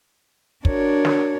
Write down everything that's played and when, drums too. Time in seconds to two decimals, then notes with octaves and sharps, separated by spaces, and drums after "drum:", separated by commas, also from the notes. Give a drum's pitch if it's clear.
0.65 D4 F#4 A#4 C#5, drum: kick
1.05 drum: snare